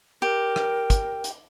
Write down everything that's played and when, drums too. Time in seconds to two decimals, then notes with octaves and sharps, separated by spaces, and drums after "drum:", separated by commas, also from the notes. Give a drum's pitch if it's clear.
0.22 G4 A#4
0.56 drum: rim click
0.90 drum: kick, hi-hat
1.24 drum: hi-hat